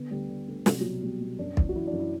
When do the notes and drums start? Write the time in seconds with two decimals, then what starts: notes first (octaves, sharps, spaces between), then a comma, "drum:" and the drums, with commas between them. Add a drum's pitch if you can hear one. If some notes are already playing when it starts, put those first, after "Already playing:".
Already playing: D3 B3
0.11 D2 G3
0.29 D3
0.48 D2
0.66 C2 F#3, drum: snare
0.73 G3
0.80 B2 F#3
1.02 B2 G3
1.21 B2
1.39 F#2 D4
1.57 E3, drum: kick
1.69 F#4
1.75 E3 E4
1.87 D4
1.93 F#2
1.99 E4